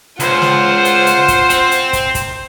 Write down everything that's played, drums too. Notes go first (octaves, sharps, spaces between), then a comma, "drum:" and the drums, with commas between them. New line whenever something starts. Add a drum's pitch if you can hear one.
C#2 F4 C5 F#5, drum: hi-hat
drum: snare
drum: hi-hat
drum: hi-hat
drum: kick, hi-hat
C4, drum: hi-hat
drum: hi-hat
drum: kick, hi-hat
drum: kick, hi-hat